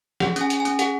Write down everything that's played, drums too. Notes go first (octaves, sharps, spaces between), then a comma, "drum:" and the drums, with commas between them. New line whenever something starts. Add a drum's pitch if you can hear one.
G#4 F#5, drum: snare
C#4 G#5, drum: hi-hat
G#4, drum: hi-hat
G#5
C#4, drum: hi-hat
G#4 F#5, drum: hi-hat